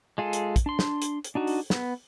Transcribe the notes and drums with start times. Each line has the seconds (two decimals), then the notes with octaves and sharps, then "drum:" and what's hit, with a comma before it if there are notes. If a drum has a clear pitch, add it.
0.18 G#3 F4 G#4 A4
0.33 drum: hi-hat
0.56 drum: kick, hi-hat
0.66 D4 C6
0.79 drum: snare
1.02 drum: hi-hat
1.24 drum: hi-hat
1.35 D4 D#4 F#4
1.47 drum: open hi-hat
1.70 B3, drum: snare